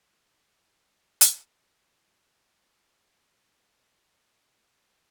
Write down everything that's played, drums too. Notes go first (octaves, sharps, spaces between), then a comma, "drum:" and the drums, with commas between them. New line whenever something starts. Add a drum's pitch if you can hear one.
D#4 F4 A#4
G#2 G#3 D4 G#4
drum: hi-hat
C4 C#4 E4 E5 G#5 A5